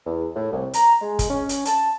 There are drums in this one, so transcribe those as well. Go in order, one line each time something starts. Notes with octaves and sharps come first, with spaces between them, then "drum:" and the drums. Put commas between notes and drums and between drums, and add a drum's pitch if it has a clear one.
E2
A2
C2
A#5, drum: hi-hat
G#3
drum: kick, hi-hat
C#4
drum: hi-hat
A5, drum: hi-hat